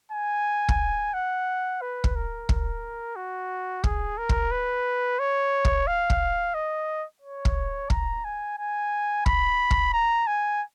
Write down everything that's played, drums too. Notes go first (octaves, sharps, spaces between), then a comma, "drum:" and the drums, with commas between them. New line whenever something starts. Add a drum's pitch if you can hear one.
G#5
drum: kick
F#5
B4
drum: kick
A#4
drum: kick
F#4
G#4, drum: kick
A#4
drum: kick
B4
C#5
drum: kick
F5
drum: kick
D#5
C#5
drum: kick
A#5, drum: kick
G#5
G#5
B5, drum: kick
drum: kick
A#5
G#5